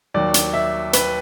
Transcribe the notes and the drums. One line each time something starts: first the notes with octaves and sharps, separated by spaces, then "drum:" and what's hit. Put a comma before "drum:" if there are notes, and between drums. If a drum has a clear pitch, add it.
D#2 D#3 F#3 D5
drum: hi-hat
E5
B4, drum: hi-hat